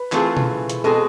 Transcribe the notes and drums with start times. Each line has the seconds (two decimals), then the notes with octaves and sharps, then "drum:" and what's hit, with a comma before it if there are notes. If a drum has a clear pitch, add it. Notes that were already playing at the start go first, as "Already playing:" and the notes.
Already playing: B4
0.12 E3 A3 C4 F4 G#4, drum: clap
0.37 drum: tom B2
0.70 drum: hi-hat
0.84 B2 G#3 C4 G#4 A4